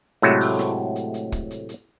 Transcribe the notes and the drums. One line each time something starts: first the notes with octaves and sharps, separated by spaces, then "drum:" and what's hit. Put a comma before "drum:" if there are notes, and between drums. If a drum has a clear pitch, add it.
A2 C3 F#3 G#3 A3 F#4, drum: hi-hat
drum: open hi-hat
drum: snare
drum: hi-hat
drum: hi-hat
drum: kick, hi-hat
drum: hi-hat
drum: hi-hat